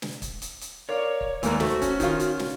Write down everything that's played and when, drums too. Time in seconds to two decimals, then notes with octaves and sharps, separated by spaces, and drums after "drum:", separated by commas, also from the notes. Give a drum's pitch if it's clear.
0.02 drum: snare
0.22 drum: kick, hi-hat
0.42 drum: hi-hat
0.61 drum: hi-hat
0.89 A#4 C#5 D5 F5
1.21 drum: kick
1.43 D#2 A2 E3 G#3 A#4 D5, drum: hi-hat
1.60 A3 F#4 C5, drum: snare
1.82 C#4, drum: kick, hi-hat
2.00 D#3 F4, drum: kick, hi-hat
2.20 drum: hi-hat
2.39 drum: snare